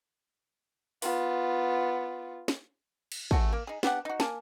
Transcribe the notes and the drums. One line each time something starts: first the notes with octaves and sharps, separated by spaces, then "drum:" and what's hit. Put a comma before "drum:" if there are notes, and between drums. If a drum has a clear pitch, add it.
B3 F4, drum: open hi-hat
drum: snare
drum: cymbal
A3 F#4 G#4, drum: kick
A#3
D#4 G#4
B3 D4 G4 F#5, drum: snare
D#4 F#4
A#3 G#5 A5, drum: snare